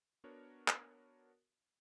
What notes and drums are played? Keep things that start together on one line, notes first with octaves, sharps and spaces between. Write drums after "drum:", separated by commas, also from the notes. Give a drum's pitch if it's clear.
B3 D4 F#4 A#4 C#5
drum: clap